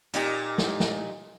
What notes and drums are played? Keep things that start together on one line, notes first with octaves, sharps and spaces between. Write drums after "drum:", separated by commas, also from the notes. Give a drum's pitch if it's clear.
A#2 D#4 G4, drum: hi-hat
drum: snare
drum: snare